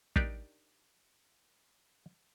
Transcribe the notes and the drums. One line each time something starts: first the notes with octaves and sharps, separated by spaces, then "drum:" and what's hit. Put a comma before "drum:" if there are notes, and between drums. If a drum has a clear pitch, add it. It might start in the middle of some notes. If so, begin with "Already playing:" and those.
D4 D#4 G4 A#4 D5, drum: kick